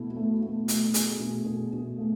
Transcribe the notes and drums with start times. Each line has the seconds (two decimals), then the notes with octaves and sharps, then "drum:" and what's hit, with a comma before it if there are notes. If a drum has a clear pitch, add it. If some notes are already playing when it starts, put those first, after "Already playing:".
Already playing: B2 A3 E4
0.16 A3
0.42 A3
0.68 A3, drum: hi-hat
0.94 G#4, drum: hi-hat
1.20 B2
1.46 B2
1.73 B2
1.98 A3